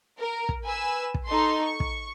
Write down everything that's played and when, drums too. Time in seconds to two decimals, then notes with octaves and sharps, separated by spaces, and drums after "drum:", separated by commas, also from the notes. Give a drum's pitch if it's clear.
0.19 A#4
0.49 drum: kick
0.63 B4 G#5 E6
1.14 drum: kick
1.26 D#4 A4 C6
1.64 C#6
1.80 drum: kick